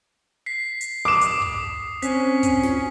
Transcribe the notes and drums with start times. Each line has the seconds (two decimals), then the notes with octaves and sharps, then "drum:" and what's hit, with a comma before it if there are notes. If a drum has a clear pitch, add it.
0.46 B6 C7
0.81 drum: hi-hat
1.05 D6 D#6 E7
1.21 drum: hi-hat
1.42 drum: kick
2.02 C4 C#4 C5 B6, drum: hi-hat
2.43 drum: kick, hi-hat
2.63 drum: snare